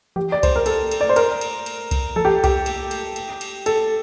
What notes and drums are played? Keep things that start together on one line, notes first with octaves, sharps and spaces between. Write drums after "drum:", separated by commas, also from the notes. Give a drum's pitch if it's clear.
G4, drum: tom E3
D5
C5, drum: kick C2, cymbal
A#4
A4, drum: cymbal
drum: cymbal
D5
C5
A#4, drum: cymbal
drum: cymbal
drum: cymbal
drum: kick C2, cymbal
A4, drum: tom E3
G4
G4, drum: kick C2, cymbal
drum: cymbal
drum: cymbal
drum: cymbal
drum: cymbal
A4, drum: cymbal